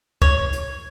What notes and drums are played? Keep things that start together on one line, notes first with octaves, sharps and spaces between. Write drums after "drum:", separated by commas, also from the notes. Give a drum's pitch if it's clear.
C#5, drum: kick
drum: hi-hat